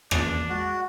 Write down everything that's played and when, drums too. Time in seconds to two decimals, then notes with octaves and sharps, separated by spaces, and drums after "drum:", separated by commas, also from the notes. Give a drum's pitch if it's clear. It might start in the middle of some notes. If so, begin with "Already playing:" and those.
0.11 G#1 E2 A#3 D4, drum: rim click
0.49 G#3 F#4